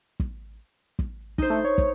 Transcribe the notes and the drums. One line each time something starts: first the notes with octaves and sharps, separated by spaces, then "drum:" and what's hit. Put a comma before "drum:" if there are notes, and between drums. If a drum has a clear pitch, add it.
drum: kick
drum: kick
D#4 C5, drum: kick
A3
C#5
drum: kick